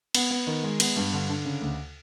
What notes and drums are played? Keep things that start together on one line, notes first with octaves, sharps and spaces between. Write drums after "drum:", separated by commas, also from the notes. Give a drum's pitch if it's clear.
B3, drum: cymbal
B3
D#3
G#3
B3, drum: cymbal
G2
D3
D3
C#3
D2